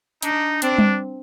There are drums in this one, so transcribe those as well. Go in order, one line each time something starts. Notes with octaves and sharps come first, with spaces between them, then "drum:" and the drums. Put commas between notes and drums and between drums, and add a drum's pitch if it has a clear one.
D4 D#4, drum: hi-hat
C4 D4, drum: hi-hat
drum: tom G3